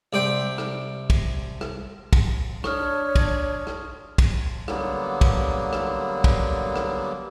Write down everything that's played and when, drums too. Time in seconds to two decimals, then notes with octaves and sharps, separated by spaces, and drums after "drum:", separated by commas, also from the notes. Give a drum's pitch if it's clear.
0.13 C2 D5 G5 C6
0.58 drum: rim click
1.10 drum: kick, cymbal
1.61 drum: rim click
2.13 drum: kick, cymbal
2.64 D4 C#5 C#6 D#6 F6, drum: rim click
3.15 drum: kick, cymbal
3.67 drum: rim click
4.18 drum: kick, cymbal
4.68 D3 F#3 G3 A#3 B3, drum: rim click
5.21 drum: kick, cymbal
5.73 drum: rim click
6.24 drum: kick, cymbal
6.76 drum: rim click